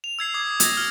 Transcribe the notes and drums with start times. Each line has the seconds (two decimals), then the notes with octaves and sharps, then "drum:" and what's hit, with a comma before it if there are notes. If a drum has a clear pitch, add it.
0.04 F7
0.19 E6 G#6 C7
0.34 D6 D#6 G#6
0.60 E6 G#6 A#6, drum: hi-hat
0.77 F6